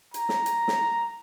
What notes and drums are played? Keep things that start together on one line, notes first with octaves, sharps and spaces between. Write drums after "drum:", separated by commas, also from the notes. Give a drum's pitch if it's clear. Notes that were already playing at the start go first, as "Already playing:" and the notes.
A#5, drum: hi-hat
drum: snare
drum: hi-hat
drum: snare